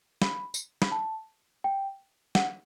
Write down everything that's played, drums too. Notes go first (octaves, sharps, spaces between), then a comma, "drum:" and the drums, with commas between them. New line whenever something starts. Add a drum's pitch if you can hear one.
B5, drum: snare
drum: tambourine
B5, drum: snare
A5
G5
F#5, drum: snare